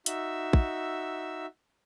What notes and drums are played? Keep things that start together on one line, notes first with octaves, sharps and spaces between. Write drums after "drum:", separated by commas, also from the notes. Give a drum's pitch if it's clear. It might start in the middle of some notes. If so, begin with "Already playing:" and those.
D#4 F#4 E5 E6, drum: hi-hat
drum: kick